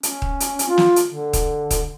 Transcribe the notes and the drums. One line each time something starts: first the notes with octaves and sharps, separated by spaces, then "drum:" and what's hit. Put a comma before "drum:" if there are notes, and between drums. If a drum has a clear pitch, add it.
C#4, drum: hi-hat
drum: kick D#1
drum: hi-hat
drum: hi-hat
F4
drum: snare
drum: hi-hat
D3
drum: kick D#1, hi-hat
drum: kick D#1, hi-hat